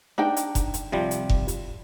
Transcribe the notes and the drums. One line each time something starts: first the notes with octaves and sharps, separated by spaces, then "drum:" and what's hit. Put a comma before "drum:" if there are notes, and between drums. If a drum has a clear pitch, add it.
D4 D#4 G5
drum: hi-hat
drum: kick F1, hi-hat
drum: hi-hat
C3 F3 G3
drum: hi-hat
drum: kick F1
drum: hi-hat